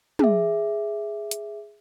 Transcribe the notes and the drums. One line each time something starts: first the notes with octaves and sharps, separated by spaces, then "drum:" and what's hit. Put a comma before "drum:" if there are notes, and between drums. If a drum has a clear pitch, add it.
G#4 E5, drum: tom
drum: hi-hat